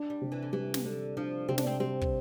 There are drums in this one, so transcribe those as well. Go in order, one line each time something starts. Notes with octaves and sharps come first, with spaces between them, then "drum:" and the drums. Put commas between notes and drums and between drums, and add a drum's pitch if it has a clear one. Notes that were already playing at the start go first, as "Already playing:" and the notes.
Already playing: D4
G3
C3
E3
D3
E3 G3
drum: snare
D3 A4
F3 D4
C3 C4
D4, drum: snare
C4
G3 C4
drum: kick